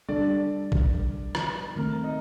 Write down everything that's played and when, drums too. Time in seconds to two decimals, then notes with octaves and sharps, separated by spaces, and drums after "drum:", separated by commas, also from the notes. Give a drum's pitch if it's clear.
0.09 G3 D4 A4 D5
0.72 drum: kick
1.35 drum: rim click
1.76 D#3 A3 C4 A#4
2.04 D#4